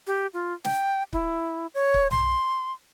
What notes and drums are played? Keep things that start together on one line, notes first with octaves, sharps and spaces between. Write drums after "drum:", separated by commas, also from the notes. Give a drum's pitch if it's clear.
G4
F4
G5, drum: snare
E4, drum: kick C#1
C#5
drum: kick C#1
C6, drum: tom B1